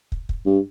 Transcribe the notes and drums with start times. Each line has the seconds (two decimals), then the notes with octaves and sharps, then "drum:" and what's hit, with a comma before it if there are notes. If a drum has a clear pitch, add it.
0.12 drum: kick
0.29 drum: kick
0.46 G2